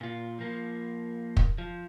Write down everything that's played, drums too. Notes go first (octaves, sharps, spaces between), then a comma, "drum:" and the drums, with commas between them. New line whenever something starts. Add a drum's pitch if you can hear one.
A#2 F4
F3 A#3
drum: kick
F3